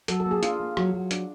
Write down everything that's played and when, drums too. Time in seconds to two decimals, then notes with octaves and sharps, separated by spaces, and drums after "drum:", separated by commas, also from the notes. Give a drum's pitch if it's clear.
0.08 F#3 A4, drum: hi-hat
0.20 A4
0.26 A#3
0.31 G#4
0.43 D4 F4, drum: hi-hat
0.60 A#3
0.77 F#3, drum: rim click
0.94 F#3
1.11 D4, drum: hi-hat